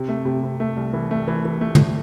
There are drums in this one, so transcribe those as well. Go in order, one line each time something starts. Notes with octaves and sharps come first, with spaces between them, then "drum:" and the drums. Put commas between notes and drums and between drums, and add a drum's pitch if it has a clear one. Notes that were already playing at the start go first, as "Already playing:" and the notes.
Already playing: C3
A3
C3
C3
A3
C2
E3
A3
E3
E3
A3
drum: tom